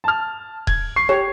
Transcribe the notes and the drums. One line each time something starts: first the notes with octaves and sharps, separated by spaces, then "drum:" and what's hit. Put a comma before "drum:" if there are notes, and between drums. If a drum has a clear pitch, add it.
A5 F6
G#6, drum: kick D#1
C#6 C7
G4 C#5